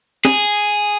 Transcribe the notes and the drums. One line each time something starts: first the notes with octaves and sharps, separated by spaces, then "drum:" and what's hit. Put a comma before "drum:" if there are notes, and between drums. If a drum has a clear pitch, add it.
G#4, drum: snare